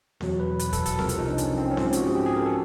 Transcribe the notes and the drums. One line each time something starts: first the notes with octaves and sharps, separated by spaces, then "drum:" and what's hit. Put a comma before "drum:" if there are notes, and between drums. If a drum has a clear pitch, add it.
E2 B2 F#3, drum: snare C4
B4
B4, drum: hi-hat
A4, drum: kick, hi-hat
A4, drum: hi-hat
C2 C3 F3 A#4, drum: snare C4
A4, drum: hi-hat
D#4
D4
C#4, drum: hi-hat
C4
C#4
G#2 F3 C4, drum: snare C4
C#4
G4, drum: hi-hat
F#4
G#4
G4
G#4
A#4
A4